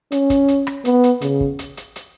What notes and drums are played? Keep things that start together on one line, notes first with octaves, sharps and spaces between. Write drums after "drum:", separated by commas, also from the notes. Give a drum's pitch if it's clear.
C#4, drum: hi-hat
drum: kick, hi-hat
drum: hi-hat
drum: rim click
B3, drum: hi-hat
drum: hi-hat
C#3, drum: hi-hat
drum: kick
drum: hi-hat
drum: hi-hat
drum: hi-hat